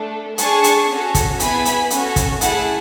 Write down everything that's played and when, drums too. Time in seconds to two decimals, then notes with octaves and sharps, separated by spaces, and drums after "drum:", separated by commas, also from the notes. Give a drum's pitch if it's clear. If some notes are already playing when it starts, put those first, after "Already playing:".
Already playing: A3 D4 A4
0.38 D4 G#4 A5 C#6, drum: hi-hat
0.64 drum: hi-hat
0.89 C#4 F#4 A4
1.15 drum: kick, hi-hat
1.40 B3 E4 G#4 G#5 B5, drum: hi-hat
1.65 drum: hi-hat
1.90 C#4 F#4 A4, drum: hi-hat
2.16 drum: kick, hi-hat
2.41 A3 E4 G#4 F#5 A5, drum: hi-hat